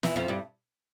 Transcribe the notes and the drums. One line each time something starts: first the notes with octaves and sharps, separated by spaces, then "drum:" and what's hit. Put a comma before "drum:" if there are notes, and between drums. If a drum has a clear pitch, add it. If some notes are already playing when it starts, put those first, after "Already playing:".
E2 E3, drum: snare
F2 F3
G2 G3